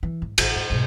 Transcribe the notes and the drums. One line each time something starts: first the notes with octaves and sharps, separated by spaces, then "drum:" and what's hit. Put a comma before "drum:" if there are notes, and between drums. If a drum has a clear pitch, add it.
E3
G#2
A1 C#3, drum: cymbal
G#2
G#2 B2